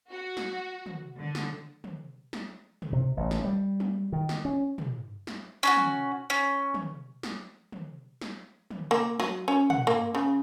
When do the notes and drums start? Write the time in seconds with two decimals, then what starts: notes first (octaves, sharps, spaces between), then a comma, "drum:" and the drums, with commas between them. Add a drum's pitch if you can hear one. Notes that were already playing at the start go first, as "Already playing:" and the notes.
0.11 F#4
0.37 drum: snare
0.86 drum: tom
1.17 D3
1.35 drum: snare
1.84 drum: tom
2.33 drum: snare
2.82 drum: tom
2.92 C3
3.17 A1
3.31 drum: snare
3.44 G3
3.80 drum: tom
4.12 D#3
4.29 drum: snare
4.45 C#4
4.78 drum: tom
5.27 drum: snare
5.63 C#4 D4 F#4
5.76 drum: tom
6.30 C#4
6.74 drum: tom
7.23 drum: snare
7.72 drum: tom
8.21 drum: snare
8.71 drum: tom
8.91 A#3
9.20 F#3, drum: snare
9.48 C#4
9.70 F#5, drum: tom
9.87 A#3
10.15 C#3